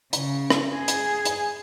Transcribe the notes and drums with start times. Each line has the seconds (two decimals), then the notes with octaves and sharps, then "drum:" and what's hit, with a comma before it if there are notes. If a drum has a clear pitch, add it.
0.13 C#3, drum: hi-hat
0.50 drum: rim click
0.75 G#4
0.88 drum: hi-hat
1.25 drum: hi-hat